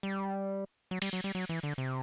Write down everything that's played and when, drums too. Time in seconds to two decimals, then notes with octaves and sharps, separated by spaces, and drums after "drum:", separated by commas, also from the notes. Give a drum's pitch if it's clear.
0.03 G3
0.91 F#3
1.02 G3, drum: cymbal
1.13 F#3
1.24 G3
1.35 F#3
1.49 E3
1.63 D3
1.78 C3